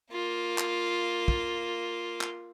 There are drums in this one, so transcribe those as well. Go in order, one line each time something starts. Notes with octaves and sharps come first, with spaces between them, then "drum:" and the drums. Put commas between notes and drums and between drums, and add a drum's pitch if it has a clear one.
A#3 F4
drum: clap
drum: kick
drum: clap